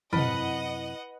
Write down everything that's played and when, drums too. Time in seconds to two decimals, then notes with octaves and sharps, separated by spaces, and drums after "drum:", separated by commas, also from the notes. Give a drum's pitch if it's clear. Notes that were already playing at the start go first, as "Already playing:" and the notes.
0.13 F#2 C3 C4 E4 B4 D#5 F#5, drum: tom